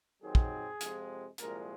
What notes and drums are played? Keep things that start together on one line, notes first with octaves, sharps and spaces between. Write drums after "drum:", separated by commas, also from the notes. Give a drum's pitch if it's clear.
D#2 D#3 F#3 C4 G#4
drum: kick
F2 C3 F3 G#3, drum: hi-hat
C2 A#2 F3 G#3 A#4, drum: hi-hat